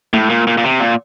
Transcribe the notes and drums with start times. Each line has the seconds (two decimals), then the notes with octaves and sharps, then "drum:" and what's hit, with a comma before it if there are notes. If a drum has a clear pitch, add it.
0.13 A2, drum: tom G#3
0.30 A#2
0.47 A#2
0.58 A#2
0.64 C3
0.80 A#2